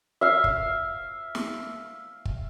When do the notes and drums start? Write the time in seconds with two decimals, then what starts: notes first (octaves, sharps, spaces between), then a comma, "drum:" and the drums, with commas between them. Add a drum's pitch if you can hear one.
0.21 E5 F5
0.44 drum: kick
1.35 drum: snare
2.25 drum: kick